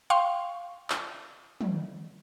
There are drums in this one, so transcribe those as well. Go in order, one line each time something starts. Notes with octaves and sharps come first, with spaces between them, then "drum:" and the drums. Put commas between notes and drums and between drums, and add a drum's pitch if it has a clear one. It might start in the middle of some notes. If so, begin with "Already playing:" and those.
F5 G5 C6 C#6
drum: clap
drum: tom